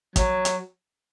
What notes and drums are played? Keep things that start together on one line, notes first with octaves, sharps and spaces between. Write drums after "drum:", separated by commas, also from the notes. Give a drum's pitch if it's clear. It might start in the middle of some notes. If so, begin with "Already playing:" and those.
F#3, drum: kick, hi-hat
drum: hi-hat